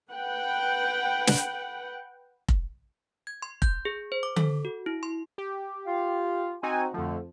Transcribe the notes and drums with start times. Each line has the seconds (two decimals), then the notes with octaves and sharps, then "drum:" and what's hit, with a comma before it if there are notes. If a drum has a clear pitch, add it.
0.11 B4 F#5 G5
1.27 drum: snare
2.48 drum: kick F1
3.27 G#6
3.42 C6
3.62 G6, drum: kick F1
3.85 G#4
4.12 C5
4.23 D6
4.36 A4, drum: tom D3
4.65 F#4
4.86 E4
5.03 C6
5.38 G4
5.86 F4 F5
6.63 C4 D#4 F#4 G#5
6.94 F2 D3 F3 A3